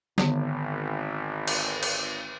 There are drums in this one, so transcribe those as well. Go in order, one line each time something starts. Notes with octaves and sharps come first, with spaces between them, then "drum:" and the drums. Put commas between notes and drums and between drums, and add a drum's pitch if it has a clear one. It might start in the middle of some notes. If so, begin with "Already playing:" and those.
G#1 D3 D#3 B3, drum: snare
drum: cymbal
drum: cymbal